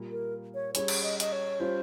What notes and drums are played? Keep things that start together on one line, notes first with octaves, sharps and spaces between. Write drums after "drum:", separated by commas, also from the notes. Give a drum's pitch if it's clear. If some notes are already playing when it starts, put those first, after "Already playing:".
Already playing: A#2 G3 A#3
A#4
C#5
G3 C#4 G#4 C#5, drum: hi-hat
drum: cymbal
D#5
D#5, drum: hi-hat
C#5
G3 C#4 F4 C5